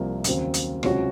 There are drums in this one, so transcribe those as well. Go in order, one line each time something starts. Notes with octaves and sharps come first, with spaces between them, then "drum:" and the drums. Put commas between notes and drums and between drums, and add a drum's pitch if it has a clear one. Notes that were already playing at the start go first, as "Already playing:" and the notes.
Already playing: C2 C3 F3 A#3
D#2 C#3 F#3 C4, drum: hi-hat
drum: hi-hat
C#2 C3 F#3 C#4 F#4, drum: rim click